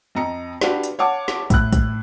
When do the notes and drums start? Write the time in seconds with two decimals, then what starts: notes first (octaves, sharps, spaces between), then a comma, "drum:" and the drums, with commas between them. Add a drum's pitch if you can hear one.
0.15 F2 D#5 A#5 C#7
0.61 D4 F#4 G4 B4 F5, drum: snare
0.83 drum: hi-hat
0.99 C#5 F5 F#5 A5 D6
1.28 drum: snare
1.50 A2 E4 F#6, drum: kick, hi-hat
1.73 drum: kick, hi-hat